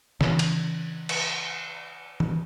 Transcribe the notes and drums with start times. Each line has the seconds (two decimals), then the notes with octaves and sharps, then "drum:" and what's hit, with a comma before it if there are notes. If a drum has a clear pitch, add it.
0.21 C#3 E3, drum: snare
0.39 drum: cymbal
1.09 drum: cymbal
2.20 drum: tom D#3